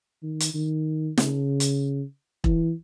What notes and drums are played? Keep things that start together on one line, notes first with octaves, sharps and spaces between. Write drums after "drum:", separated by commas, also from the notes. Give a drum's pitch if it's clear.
D#3
drum: hi-hat
D#3
C#3, drum: snare
drum: hi-hat
E3, drum: kick E1